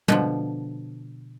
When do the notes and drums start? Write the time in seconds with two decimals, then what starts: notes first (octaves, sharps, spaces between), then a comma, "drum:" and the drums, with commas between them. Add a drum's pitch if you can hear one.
0.08 B2 D3 F3, drum: tom